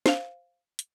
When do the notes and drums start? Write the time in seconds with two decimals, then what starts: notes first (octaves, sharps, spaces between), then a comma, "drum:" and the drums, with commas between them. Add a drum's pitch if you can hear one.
0.06 C5 F5, drum: snare
0.79 drum: hi-hat